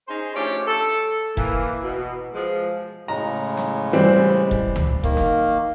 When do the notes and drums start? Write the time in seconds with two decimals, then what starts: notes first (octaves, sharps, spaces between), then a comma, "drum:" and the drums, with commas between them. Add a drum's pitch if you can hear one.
0.08 C#4 D#4 G#4 C5
0.35 F3 A3 C#4 D4 G4 C#5
0.67 A4
1.37 E3 A#3, drum: kick F1
1.84 B2
2.34 F3 G#3
3.08 A2 C#3 G#3 A#5
3.57 drum: snare
3.93 E3 G3 C4
4.51 drum: kick F1
4.76 drum: tom C#2
5.03 D#3 A#3, drum: kick F1
5.17 drum: snare